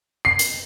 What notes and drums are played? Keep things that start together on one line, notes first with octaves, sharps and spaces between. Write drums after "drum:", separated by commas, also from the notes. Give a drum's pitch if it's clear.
C7
drum: hi-hat